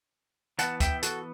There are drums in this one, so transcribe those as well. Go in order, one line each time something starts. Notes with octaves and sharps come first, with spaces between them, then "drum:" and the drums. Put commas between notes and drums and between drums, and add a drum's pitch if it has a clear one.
E3 B3 F#5 A5, drum: hi-hat
E5 G5, drum: kick, hi-hat
F#4 A4, drum: hi-hat